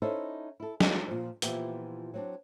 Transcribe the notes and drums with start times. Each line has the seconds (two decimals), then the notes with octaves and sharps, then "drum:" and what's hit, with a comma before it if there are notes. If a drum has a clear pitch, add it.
0.02 C#4 D#4 E4 A4 C5 E5
0.60 E4 A4
0.80 G#3 B3 D#4 A4, drum: snare
1.08 A#2 F3
1.42 A#2 E3 F3 B3 G4, drum: hi-hat
2.14 F#3 C4 D4